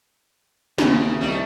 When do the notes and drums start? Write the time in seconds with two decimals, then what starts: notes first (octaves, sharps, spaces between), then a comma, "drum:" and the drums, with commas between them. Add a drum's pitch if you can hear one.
0.78 D#2 C#3 E3, drum: snare
1.21 C2 G3 A3 D4 D#4